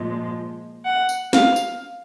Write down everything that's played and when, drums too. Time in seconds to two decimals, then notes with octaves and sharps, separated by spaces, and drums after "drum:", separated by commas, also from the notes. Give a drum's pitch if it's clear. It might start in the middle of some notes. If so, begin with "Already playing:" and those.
Already playing: A#2 F3 G#3
0.85 F#5
1.09 drum: tambourine
1.33 F5, drum: snare
1.56 drum: tambourine